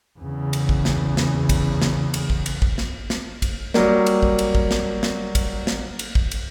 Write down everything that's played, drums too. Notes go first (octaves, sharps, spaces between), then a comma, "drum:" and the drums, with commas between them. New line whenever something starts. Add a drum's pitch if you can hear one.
E2 C#3
drum: cymbal
drum: kick
drum: snare
drum: snare
drum: kick, cymbal
drum: snare
drum: cymbal
drum: kick
drum: cymbal
drum: kick
drum: snare
drum: snare
drum: kick, cymbal
F#3 G3 A#3, drum: snare
drum: cymbal
drum: kick
drum: cymbal
drum: kick
drum: snare
drum: snare
drum: kick, cymbal
drum: snare
drum: cymbal
drum: kick
drum: cymbal